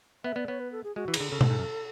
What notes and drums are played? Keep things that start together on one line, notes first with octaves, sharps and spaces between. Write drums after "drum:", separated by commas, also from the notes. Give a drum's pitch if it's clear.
B3 E5
B3 D5
B3 C#5
B4
A4
G#4
G#3 F#4
E3
G#4, drum: cymbal
D3
C#3 A4
A2, drum: tom B2
G#2
F#2